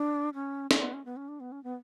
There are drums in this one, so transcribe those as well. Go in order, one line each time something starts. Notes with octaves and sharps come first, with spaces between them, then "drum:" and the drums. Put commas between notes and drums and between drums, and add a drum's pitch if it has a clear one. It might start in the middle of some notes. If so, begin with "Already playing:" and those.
Already playing: D4
C#4
C#4, drum: snare
B3
C#4
B3
C#4
D4
B3
C#4
B3